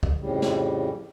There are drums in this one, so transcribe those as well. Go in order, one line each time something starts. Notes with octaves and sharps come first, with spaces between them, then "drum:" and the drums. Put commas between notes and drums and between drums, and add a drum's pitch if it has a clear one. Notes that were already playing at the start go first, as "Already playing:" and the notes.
drum: kick
F2 A2 C#3 G3
drum: snare